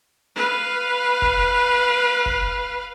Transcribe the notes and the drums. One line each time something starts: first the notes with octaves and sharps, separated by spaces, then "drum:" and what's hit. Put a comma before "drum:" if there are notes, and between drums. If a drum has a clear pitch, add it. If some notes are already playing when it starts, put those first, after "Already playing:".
B4 F5
drum: kick
drum: kick